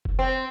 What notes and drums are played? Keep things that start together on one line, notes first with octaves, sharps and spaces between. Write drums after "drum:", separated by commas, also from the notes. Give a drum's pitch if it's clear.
drum: kick F1
C4